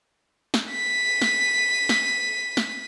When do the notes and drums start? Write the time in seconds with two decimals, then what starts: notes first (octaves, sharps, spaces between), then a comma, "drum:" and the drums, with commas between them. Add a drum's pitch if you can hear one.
0.54 drum: snare
0.71 B6 D#7
1.22 drum: snare
1.89 drum: snare
2.57 drum: snare